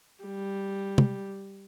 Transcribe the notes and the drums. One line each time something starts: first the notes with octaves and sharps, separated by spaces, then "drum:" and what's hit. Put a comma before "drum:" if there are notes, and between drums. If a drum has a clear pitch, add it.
G3
drum: tom